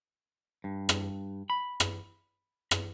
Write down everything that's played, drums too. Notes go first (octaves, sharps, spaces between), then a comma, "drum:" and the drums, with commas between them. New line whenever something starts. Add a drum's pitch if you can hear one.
G2
drum: rim click
B5
drum: rim click
drum: rim click